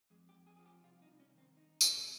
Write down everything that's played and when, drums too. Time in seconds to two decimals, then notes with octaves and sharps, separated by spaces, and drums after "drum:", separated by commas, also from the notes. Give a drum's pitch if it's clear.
0.10 F2 G#3
0.29 G4
0.35 F2
0.47 G#4
0.57 F3 G#4
0.66 G4
0.83 C2 F4
1.02 D#4
1.08 C2
1.20 C#4
1.32 D#3
1.38 C4
1.56 C2 D#4
1.81 C2, drum: tambourine